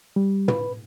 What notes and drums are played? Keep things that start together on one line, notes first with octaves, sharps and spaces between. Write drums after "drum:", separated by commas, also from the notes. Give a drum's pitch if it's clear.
G3
B4, drum: tom